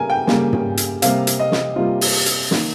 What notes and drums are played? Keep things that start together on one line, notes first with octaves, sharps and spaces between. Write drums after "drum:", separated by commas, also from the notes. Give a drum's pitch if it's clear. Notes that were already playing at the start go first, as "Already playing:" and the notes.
Already playing: C#3 G3 A#3 A#4 G#5
G5
C#3 G3 A#3, drum: snare
drum: tom
drum: hi-hat
C3 G3 A#3 F5, drum: hi-hat
drum: hi-hat
D#5
drum: snare
C3 G3 A#3 F4
drum: open hi-hat
drum: hi-hat
D#3 A#3, drum: snare